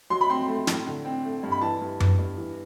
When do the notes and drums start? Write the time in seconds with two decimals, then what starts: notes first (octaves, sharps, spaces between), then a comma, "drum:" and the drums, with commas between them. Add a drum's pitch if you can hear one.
0.10 F#3 C6
0.21 B5
0.29 C4 C6
0.48 A3
0.67 A2, drum: snare
0.87 D3
1.05 C4
1.24 A3
1.43 G2
1.52 B5
1.62 E3 A5
1.81 G2
2.00 B3, drum: tom F#2
2.19 G2
2.38 E3